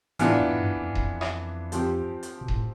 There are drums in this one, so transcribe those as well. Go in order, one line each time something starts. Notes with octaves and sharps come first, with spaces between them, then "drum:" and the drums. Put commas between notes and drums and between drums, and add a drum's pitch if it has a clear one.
A2 E3 B3 D4 F4, drum: hi-hat
F2
A2
G2
F2
G2
F2, drum: kick D#1
drum: rim click
F3 C4 G4, drum: hi-hat
drum: hi-hat
B2
A2, drum: kick D#1